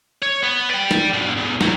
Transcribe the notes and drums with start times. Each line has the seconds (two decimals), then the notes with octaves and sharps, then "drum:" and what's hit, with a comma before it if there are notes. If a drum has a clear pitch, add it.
0.23 C#5
0.44 B3
0.71 D5 G5
0.91 drum: snare
1.14 G2 B2
1.37 B1 E2
1.61 F#3 G3, drum: snare